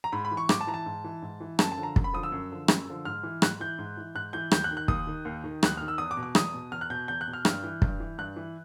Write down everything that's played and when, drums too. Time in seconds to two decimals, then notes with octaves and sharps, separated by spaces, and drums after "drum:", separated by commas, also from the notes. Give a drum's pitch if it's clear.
0.04 A#5
0.12 G#2 B5
0.25 B5
0.31 E3
0.37 C#6
0.49 G#2 D6, drum: rim click
0.61 A5
0.67 E3 A#5
0.74 A5
0.86 G#2
1.04 E3
1.22 G#2
1.40 E3
1.59 F#2 A5, drum: rim click
1.72 A5
1.77 D3 F3
1.83 A#5
1.96 F#2, drum: kick
2.04 B5
2.13 D3 F3 D#6
2.23 E6
2.32 F#2
2.51 D3 F3
2.68 F#2, drum: rim click
2.88 D3 F3
3.05 G#2 F6
3.23 E3
3.42 G#2 F#6, drum: rim click
3.60 E3 G6
3.78 G#2
3.97 E3
4.15 G#2 F#6
4.33 E3 G6
4.51 D#2 G6, drum: rim click
4.64 F#6
4.71 D#3
4.77 F#6
4.88 D#2 D#6, drum: kick
5.07 D#3
5.25 D#2
5.44 D#3
5.63 D#2 F#6, drum: rim click
5.77 D#3 F6
5.88 E6
5.98 E2 D#6
6.11 D6
6.17 B2
6.23 D6
6.35 E2 D#6, drum: rim click
6.54 B2
6.72 E2 F6
6.81 F#6
6.90 B2 G6
7.08 E2 G6
7.21 F#6
7.27 B2
7.33 F6
7.45 G2 F6, drum: rim click
7.64 E3
7.82 G2, drum: kick
8.00 E3
8.18 G2 F#6
8.36 E3